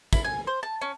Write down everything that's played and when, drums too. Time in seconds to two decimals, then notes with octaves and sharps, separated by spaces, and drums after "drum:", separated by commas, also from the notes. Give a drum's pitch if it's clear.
0.13 E4, drum: kick, tambourine
0.24 G#5
0.47 C5
0.63 A5
0.82 C#4